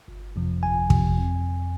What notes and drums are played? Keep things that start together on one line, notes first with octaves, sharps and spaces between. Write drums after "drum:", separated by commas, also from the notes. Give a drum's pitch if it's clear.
G1
F2 C3 F3
G1 G#5
F2 C3 F3, drum: kick
F2